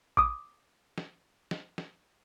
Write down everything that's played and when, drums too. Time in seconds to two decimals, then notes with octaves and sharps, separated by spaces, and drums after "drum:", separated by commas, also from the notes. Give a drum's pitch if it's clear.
0.17 D6 D#6, drum: kick A1
0.98 drum: snare
1.51 drum: snare
1.78 drum: snare